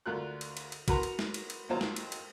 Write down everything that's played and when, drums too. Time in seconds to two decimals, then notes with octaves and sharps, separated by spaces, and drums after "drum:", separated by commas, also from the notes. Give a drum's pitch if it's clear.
0.06 D2 F4 A#4 F#6
0.41 drum: cymbal
0.57 drum: cymbal
0.72 drum: cymbal
0.88 F#4 A#4 B4 A#5 C6, drum: kick, cymbal
1.03 drum: cymbal
1.19 drum: snare
1.34 drum: cymbal
1.50 drum: cymbal
1.69 D#2 F#3 F4 C5 A5 A#5
1.81 drum: snare
1.96 drum: cymbal
2.12 drum: cymbal